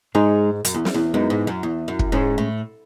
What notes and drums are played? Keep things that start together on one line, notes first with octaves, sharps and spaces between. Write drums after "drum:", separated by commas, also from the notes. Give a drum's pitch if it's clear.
G#2 G#3 D#4 G#4
F#2, drum: hi-hat
E2
drum: snare
E2
F#2 G#3 B3 D#4
G#2
F#2
E2
F#2
drum: kick
G#2 G#3 C#4 G#4
A2